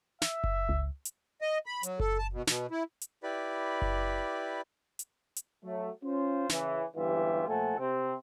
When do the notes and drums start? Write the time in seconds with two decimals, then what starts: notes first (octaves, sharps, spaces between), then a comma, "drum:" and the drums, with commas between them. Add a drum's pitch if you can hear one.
0.22 E5, drum: snare
0.44 drum: kick F#1
0.69 C#2
1.05 drum: hi-hat
1.42 D#5
1.66 B5
1.83 F#3, drum: hi-hat
2.00 A4, drum: kick F#1
2.18 A5
2.32 B2
2.47 B2, drum: snare
2.71 E4
3.01 drum: hi-hat
3.23 E4 G4 B4 D5 B5
3.82 drum: kick F#1
4.99 drum: hi-hat
5.36 drum: hi-hat
5.64 F#3 A3
6.03 C#4 F4 C5
6.49 C#3 E3, drum: snare
6.95 G1 C#2 E3 F4 G4 E5
7.47 A#2 F3 A3 A4 F#5 G#5
7.77 C3 C4